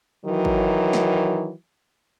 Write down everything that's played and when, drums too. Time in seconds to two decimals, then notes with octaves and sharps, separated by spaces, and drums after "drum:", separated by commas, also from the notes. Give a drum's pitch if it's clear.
0.25 D#3 E3 F#3
0.45 drum: kick
0.93 drum: snare